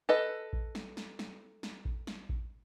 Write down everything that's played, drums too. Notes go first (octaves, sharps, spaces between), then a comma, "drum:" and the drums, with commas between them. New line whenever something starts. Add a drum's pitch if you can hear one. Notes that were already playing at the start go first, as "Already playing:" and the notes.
A4 B4 D#5
drum: kick A1
drum: snare
drum: snare
drum: snare
drum: snare
drum: kick A1
drum: snare
drum: kick A1